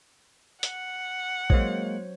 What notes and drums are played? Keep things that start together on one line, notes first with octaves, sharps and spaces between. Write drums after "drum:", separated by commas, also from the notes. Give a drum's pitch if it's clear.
F#5, drum: hi-hat
F#3 G#3 A#3 C5 C#5, drum: kick A#1